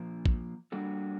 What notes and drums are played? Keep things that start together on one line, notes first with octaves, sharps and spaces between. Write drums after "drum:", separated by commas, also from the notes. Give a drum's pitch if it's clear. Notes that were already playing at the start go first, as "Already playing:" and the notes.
Already playing: A#2 F3 A#3
drum: kick A1
G3 A#3 D4 F#4 A4